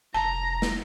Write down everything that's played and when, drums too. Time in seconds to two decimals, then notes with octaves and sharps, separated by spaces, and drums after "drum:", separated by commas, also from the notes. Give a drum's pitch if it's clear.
0.14 F1 A5 A#5
0.62 drum: snare